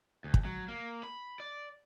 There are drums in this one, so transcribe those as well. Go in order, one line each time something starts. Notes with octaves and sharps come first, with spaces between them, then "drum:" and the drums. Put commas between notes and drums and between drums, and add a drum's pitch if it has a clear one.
D2
drum: kick
F#3
A#3
B5
D5